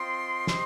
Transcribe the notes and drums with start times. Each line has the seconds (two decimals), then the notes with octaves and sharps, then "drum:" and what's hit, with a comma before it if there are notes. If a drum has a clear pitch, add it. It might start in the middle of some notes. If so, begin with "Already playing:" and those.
Already playing: C4 F4 C5 D#5 G5 C6
0.47 G4 C5 D#5, drum: snare